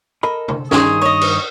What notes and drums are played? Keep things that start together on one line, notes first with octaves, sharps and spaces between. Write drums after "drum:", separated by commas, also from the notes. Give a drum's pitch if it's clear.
A4 A#4 D#5 B5
drum: tom
G2 D#3 D#4 G#4 C5 C#5 D#6, drum: snare
C#5 D#5
drum: cymbal